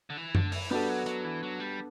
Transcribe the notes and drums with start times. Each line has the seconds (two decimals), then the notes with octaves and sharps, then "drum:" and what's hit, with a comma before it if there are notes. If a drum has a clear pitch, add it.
0.10 D3
0.17 E3
0.35 D3, drum: tom F#2
0.52 E3, drum: open hi-hat
0.71 G3 B3 D4 F#4 A4
0.89 F#3
1.06 F#3, drum: hi-hat
1.24 E3
1.43 F#3
1.60 G3